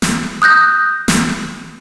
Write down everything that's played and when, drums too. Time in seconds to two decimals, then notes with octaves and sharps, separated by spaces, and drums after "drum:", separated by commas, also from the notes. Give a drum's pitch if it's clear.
0.02 drum: snare
0.42 D#6 F#6 G6 A#6
1.08 drum: snare